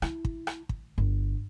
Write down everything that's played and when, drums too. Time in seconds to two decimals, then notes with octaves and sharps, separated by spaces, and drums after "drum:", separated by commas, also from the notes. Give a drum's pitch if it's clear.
0.02 E4, drum: rim click
0.25 drum: kick
0.47 drum: rim click
0.69 drum: kick
0.98 G1